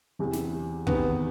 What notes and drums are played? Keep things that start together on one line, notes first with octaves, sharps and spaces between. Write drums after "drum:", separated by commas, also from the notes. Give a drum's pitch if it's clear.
E2 C3 E3
drum: snare
E2 C3 D#3 B3, drum: kick